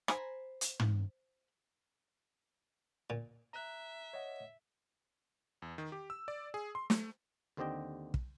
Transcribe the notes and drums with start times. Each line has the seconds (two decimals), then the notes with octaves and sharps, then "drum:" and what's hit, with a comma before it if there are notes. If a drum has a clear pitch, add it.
0.08 C5 G#5 A#5 B5, drum: rim click
0.61 drum: hi-hat
0.80 drum: tom
3.10 A#2
3.53 E5 A#5 F#6
4.13 C#5 D#5 F#5
5.62 E2
5.78 D#3
5.92 G4
6.10 E6
6.28 D5
6.54 G#4
6.75 C6
6.90 A3, drum: snare
7.57 D#2 D3 C4 G4 D#5 G5
8.14 drum: kick